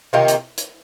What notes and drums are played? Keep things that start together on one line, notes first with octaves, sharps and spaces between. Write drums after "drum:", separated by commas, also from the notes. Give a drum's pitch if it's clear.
C3 D#3 A#3 F4
drum: hi-hat
drum: hi-hat